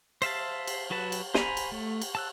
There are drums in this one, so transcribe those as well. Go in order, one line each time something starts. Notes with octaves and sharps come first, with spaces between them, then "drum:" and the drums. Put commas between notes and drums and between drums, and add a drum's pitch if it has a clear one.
C5 E5 F5 A5, drum: cymbal
drum: cymbal
F#3 F#4 B4 A5
drum: cymbal
C5 G#5 A#5 B5, drum: snare
drum: cymbal
A3
drum: cymbal
A5 E6 F#6